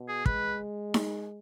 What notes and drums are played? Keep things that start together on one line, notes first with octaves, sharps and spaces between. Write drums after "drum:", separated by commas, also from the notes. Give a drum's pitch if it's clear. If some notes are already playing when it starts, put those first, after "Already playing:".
Already playing: B2
G#4
G#3 B4, drum: kick
drum: snare D#4